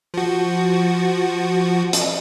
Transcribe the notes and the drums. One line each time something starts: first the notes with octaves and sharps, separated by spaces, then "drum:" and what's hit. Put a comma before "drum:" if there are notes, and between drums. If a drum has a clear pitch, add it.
F3 F#4
drum: hi-hat